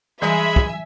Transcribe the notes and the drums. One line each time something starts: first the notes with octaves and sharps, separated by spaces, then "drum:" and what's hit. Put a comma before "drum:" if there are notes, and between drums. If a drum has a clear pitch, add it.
E3 G3 G#3 G#4 E5 G#5 A#5 B5, drum: rim click
drum: kick